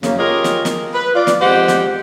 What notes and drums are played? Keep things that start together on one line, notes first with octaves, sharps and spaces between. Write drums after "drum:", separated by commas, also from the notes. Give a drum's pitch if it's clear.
F#2 C#3 A#3, drum: snare
F4 G4 G#4 A#4 C#5 D#5
drum: snare
drum: snare
B4
F4 D5
drum: snare
F2 G#3 G4 C5 F#5
drum: snare